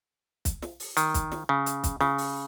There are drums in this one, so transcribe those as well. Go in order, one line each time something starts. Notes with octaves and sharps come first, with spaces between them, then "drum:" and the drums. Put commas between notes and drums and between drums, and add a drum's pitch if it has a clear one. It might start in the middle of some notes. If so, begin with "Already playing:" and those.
drum: kick, hi-hat
drum: snare
drum: open hi-hat
D#3, drum: hi-hat
drum: kick, hi-hat
drum: snare
C#3
drum: hi-hat
drum: kick, hi-hat
C#3, drum: snare
drum: open hi-hat